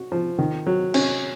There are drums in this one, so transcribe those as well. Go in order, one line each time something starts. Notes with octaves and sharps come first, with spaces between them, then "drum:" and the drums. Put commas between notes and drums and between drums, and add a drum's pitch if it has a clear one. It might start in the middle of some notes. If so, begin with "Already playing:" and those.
Already playing: F#4
F3
D#3
F#3
C#4, drum: cymbal